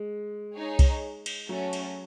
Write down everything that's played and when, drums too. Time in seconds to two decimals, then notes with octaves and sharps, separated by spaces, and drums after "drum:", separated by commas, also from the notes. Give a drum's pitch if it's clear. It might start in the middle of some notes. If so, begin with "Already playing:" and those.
Already playing: G#3
0.55 D#4 G#4 C#5
0.79 drum: kick C2, cymbal
1.26 drum: cymbal
1.49 F#3 A3 C#4 F#4
1.73 drum: cymbal